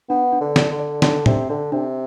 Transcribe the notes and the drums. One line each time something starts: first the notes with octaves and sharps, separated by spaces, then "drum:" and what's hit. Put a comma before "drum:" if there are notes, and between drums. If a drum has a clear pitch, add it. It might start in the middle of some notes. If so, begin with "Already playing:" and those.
B3 D4
D4
D3
D5, drum: snare
D3
D5
D3 D4, drum: snare
C3 D4, drum: tom
D3 D4
C3 D4